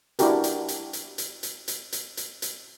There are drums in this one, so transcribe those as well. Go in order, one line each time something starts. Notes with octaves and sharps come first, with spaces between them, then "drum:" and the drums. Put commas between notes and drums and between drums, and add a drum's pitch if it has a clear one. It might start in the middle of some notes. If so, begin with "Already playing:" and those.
D4 E4 F#4 G4 A#4, drum: hi-hat
drum: hi-hat
drum: hi-hat
drum: hi-hat
drum: hi-hat
drum: hi-hat
drum: hi-hat
drum: hi-hat
drum: hi-hat
drum: hi-hat